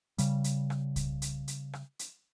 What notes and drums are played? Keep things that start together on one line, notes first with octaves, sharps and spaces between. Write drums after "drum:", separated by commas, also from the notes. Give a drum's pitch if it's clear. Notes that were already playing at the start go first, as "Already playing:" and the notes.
C#3 G3, drum: hi-hat
drum: hi-hat
drum: rim click
drum: kick C2, hi-hat
drum: hi-hat
drum: hi-hat
drum: rim click
drum: hi-hat